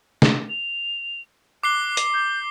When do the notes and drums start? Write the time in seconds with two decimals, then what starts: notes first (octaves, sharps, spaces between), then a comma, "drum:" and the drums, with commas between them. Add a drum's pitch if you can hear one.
0.22 drum: snare
0.49 F7
1.63 D6 F#6 C7 G7
1.97 drum: hi-hat
2.14 G6